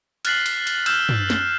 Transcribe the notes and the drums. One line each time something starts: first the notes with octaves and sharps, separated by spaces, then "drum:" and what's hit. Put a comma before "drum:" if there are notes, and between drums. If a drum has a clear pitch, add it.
F6 F#6 A6 B6 C7 F#7, drum: cymbal
drum: cymbal
drum: cymbal
E6 F6 G6 E7, drum: cymbal
drum: tom
drum: snare